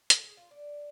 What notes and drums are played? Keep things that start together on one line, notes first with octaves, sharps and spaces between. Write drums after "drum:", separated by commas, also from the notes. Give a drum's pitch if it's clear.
A4, drum: hi-hat
G#4
F4
D4